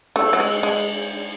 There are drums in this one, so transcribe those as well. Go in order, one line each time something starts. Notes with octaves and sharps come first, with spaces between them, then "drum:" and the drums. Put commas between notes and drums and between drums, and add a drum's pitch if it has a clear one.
A3, drum: cymbal
F#3
G#3
G#3